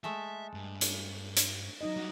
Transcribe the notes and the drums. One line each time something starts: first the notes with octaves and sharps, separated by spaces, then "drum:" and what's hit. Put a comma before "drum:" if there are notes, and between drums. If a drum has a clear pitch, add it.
G#3 A3 A4 E5
G2
drum: hi-hat
drum: hi-hat
F#3 D#4 D#5
G3 F#4